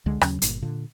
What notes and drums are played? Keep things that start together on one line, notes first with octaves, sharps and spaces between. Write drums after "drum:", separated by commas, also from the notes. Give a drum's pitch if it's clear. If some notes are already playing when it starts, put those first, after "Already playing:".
C#2 D3 G#3
D#2 C#3 F#3 C#4, drum: rim click
G1 A#2, drum: hi-hat
A#2 D3